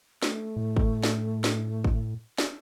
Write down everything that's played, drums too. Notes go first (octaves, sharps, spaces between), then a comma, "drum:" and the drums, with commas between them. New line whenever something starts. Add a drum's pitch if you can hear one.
A3, drum: snare
A2
drum: kick G#1
drum: snare
drum: snare
drum: kick G#1
drum: snare